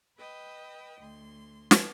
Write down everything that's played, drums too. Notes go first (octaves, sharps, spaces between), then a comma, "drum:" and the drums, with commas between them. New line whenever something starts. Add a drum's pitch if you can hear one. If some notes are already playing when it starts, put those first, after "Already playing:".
B4 D#5 G5 E6
D2 C6
drum: snare